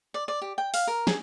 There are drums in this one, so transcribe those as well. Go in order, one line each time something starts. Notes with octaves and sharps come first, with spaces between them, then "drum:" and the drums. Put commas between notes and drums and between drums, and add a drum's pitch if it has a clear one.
D5
D5
G4
G5
F5, drum: open hi-hat
A#4
G#4, drum: snare